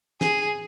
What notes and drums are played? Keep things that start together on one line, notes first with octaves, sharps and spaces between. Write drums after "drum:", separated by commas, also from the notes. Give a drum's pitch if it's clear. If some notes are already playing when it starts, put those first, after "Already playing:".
G#4, drum: snare